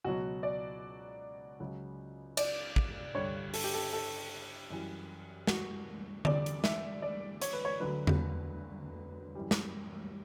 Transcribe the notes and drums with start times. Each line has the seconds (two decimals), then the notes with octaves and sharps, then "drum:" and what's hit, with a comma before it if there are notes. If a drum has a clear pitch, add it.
0.04 C#2 B2 F#3 F#4
0.43 D5
1.60 C#2 C#3 F#3
2.37 D5, drum: cymbal
2.76 drum: kick
3.15 G2 D3 G3 C#5
3.54 A4, drum: open hi-hat
3.64 G4
3.74 A4
3.93 A4
4.70 F#2 E3 G3
5.47 F#4, drum: snare
6.25 E2 D3 G3 D5, drum: tom D3
6.46 drum: hi-hat
6.64 E5, drum: snare
7.02 D5
7.42 C#5, drum: hi-hat
7.53 B4
7.65 C#5
7.80 D2 D3 F#3 B4
8.07 drum: tom E2
9.35 F#2 E3 G3
9.51 drum: snare